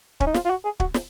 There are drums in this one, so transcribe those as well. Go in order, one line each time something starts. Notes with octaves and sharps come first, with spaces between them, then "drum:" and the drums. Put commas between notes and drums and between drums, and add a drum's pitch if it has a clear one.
C#4, drum: kick
D#4
F4, drum: snare
F4
F#4
G#4
F#4, drum: kick
drum: snare